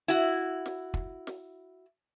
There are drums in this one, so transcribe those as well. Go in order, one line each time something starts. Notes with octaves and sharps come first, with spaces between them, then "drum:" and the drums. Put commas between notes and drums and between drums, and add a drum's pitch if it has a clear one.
E4 F#4, drum: hi-hat
drum: snare
drum: kick
drum: snare